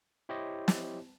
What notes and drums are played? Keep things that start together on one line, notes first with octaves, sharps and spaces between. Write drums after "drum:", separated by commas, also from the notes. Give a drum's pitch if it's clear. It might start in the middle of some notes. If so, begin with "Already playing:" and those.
E4 G4 C5 C#5 D#5
drum: snare